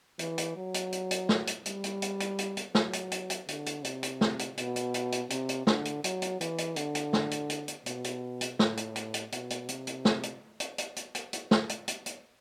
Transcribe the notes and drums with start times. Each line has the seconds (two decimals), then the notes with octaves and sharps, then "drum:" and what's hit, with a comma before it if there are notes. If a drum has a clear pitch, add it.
0.19 E3, drum: hi-hat
0.38 drum: hi-hat
0.57 F#3
0.74 drum: hi-hat
0.92 drum: hi-hat
1.11 drum: hi-hat
1.29 drum: snare
1.47 drum: hi-hat
1.66 G3, drum: hi-hat
1.84 drum: hi-hat
2.02 drum: hi-hat
2.20 drum: hi-hat
2.39 drum: hi-hat
2.57 drum: hi-hat
2.75 F#3, drum: snare
2.93 drum: hi-hat
3.12 drum: hi-hat
3.30 drum: hi-hat
3.48 D3, drum: hi-hat
3.66 drum: hi-hat
3.84 C3, drum: hi-hat
4.03 drum: hi-hat
4.21 drum: snare
4.39 drum: hi-hat
4.57 B2, drum: hi-hat
4.76 drum: hi-hat
4.94 drum: hi-hat
5.12 drum: hi-hat
5.30 C3, drum: hi-hat
5.49 drum: hi-hat
5.67 D3, drum: snare
5.85 drum: hi-hat
6.04 F#3, drum: hi-hat
6.22 drum: hi-hat
6.41 E3, drum: hi-hat
6.58 drum: hi-hat
6.76 D3, drum: hi-hat
6.95 drum: hi-hat
7.13 drum: snare
7.31 drum: hi-hat
7.50 drum: hi-hat
7.68 drum: hi-hat
7.86 B2, drum: hi-hat
8.04 drum: hi-hat
8.41 drum: hi-hat
8.59 A2, drum: snare
8.77 drum: hi-hat
8.96 drum: hi-hat
9.14 drum: hi-hat
9.32 B2, drum: hi-hat
9.50 drum: hi-hat
9.69 C3, drum: hi-hat
9.87 drum: hi-hat
10.05 drum: snare
10.23 drum: hi-hat
10.60 drum: hi-hat
10.78 drum: hi-hat
10.96 drum: hi-hat
11.15 drum: hi-hat
11.33 drum: hi-hat
11.51 drum: snare
11.69 drum: hi-hat
11.88 drum: hi-hat
12.06 drum: hi-hat